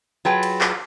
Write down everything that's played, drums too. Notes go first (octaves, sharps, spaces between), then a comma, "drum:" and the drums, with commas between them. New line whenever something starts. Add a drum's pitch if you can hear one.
F#3 F4 G#4 B4 G5 A5
drum: cymbal
drum: clap